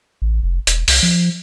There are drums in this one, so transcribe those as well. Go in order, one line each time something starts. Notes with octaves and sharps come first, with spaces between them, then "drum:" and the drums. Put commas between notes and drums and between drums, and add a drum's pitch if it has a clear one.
A1
F1
E1, drum: hi-hat
C2, drum: open hi-hat
F3